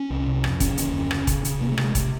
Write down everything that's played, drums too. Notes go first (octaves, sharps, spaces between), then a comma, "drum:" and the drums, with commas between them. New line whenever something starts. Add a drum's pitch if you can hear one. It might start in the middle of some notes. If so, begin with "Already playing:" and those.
Already playing: C#4
C2
C3
F2, drum: rim click
D3 C#4, drum: kick E1, hi-hat
D#2, drum: hi-hat
F#2
C#3, drum: rim click
C#3, drum: kick E1, hi-hat
C#3, drum: hi-hat
C3 A#3
A3
C3, drum: rim click
G#3
C3, drum: kick E1, hi-hat